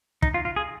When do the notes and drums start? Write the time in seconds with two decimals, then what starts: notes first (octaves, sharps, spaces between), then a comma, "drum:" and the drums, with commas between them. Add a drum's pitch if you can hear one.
0.22 D#4, drum: kick
0.34 F4
0.45 F4
0.56 G#4